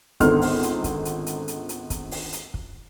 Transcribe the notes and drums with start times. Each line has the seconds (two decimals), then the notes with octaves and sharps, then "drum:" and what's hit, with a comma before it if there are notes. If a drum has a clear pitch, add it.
0.20 G#1 C#2 D3 B3 C6 F6, drum: kick, hi-hat
0.42 drum: open hi-hat
0.63 drum: hi-hat
0.84 drum: kick, hi-hat
1.05 drum: hi-hat
1.26 drum: hi-hat
1.48 drum: hi-hat
1.69 drum: hi-hat
1.90 drum: kick, hi-hat
2.11 drum: open hi-hat
2.33 drum: hi-hat
2.54 drum: kick